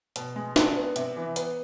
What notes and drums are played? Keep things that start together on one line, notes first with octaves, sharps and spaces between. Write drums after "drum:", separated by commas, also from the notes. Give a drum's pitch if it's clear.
B2, drum: hi-hat
G#3
D4, drum: snare
B3
C3, drum: hi-hat
E3
B3, drum: hi-hat